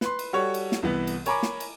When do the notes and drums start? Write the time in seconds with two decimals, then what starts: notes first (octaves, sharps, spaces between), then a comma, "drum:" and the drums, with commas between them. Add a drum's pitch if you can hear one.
0.01 B4 C6, drum: snare
0.19 drum: cymbal
0.33 G3 F#4 A4 C#5
0.54 drum: cymbal
0.72 drum: snare
0.82 C2 E3 B3
1.07 drum: cymbal
1.26 A#4 C#5 G#5 A#5 B5 D6, drum: cymbal
1.43 drum: snare
1.60 drum: cymbal